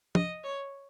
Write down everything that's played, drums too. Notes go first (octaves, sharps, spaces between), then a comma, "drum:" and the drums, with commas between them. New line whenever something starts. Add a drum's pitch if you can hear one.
D#5, drum: tom
C#5